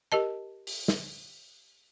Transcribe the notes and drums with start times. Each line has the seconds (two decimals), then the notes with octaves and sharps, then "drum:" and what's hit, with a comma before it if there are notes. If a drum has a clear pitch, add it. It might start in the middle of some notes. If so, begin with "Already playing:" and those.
0.12 G4 A#4 D#5 A5
0.67 drum: open hi-hat
0.88 drum: snare